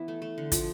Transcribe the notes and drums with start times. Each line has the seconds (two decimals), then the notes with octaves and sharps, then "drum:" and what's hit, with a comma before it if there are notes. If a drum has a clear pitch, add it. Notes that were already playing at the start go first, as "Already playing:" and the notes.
Already playing: E3 B3 E4
0.08 A3
0.22 A3
0.38 D3
0.52 F3, drum: kick, hi-hat